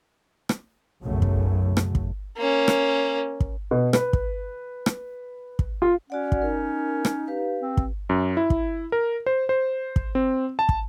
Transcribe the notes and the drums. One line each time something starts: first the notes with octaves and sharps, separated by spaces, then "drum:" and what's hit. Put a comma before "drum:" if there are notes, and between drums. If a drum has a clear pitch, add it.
drum: rim click
B1 F#2 C#3 F#3 A3
drum: kick
drum: rim click
drum: kick
A#3 C#4
drum: rim click
drum: kick
B2
B4, drum: rim click
drum: kick
drum: rim click
drum: kick
F4
C#4 F#4 D5 F#5
drum: kick
D#4 A#4
drum: rim click
G4 B4 F5
C4
drum: kick
F#2
E4
drum: kick
A#4
C5
C5
drum: kick
C4
A5
drum: kick